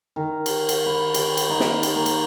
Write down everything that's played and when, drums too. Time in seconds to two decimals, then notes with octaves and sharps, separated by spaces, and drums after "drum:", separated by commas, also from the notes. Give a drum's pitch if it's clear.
0.16 D#3
0.46 drum: cymbal
0.69 drum: cymbal
0.86 B4
1.14 G5, drum: cymbal
1.37 drum: cymbal
1.49 D#4
1.60 drum: snare
1.83 drum: cymbal
1.95 A#3
2.06 drum: cymbal